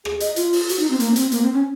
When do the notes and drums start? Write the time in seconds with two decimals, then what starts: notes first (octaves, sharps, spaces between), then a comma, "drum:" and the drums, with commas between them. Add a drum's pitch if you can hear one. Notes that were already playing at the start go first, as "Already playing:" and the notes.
0.05 G#4, drum: rim click
0.20 D#5, drum: hi-hat
0.36 F4, drum: hi-hat
0.53 drum: open hi-hat
0.69 F#4, drum: hi-hat
0.79 D#4
0.90 C4
1.00 A#3, drum: hi-hat
1.11 C#4
1.16 C4, drum: hi-hat
1.32 A#3, drum: hi-hat
1.42 C4
1.54 C#4